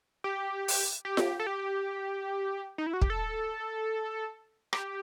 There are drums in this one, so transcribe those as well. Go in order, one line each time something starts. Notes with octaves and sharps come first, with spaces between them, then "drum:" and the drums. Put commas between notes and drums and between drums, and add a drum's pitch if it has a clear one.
G4
drum: open hi-hat
G4
drum: snare F4
A4
G4
D#4
E4
F#4
G4, drum: kick
A4
G4, drum: rim click